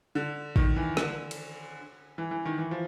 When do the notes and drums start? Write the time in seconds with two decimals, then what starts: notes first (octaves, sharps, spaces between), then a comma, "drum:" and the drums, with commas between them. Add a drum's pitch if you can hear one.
0.15 D3
0.56 D#3, drum: kick A1
0.76 E3
0.97 D3, drum: rim click
1.31 drum: cymbal
2.18 E3
2.31 E3
2.45 D#3
2.58 E3
2.71 F3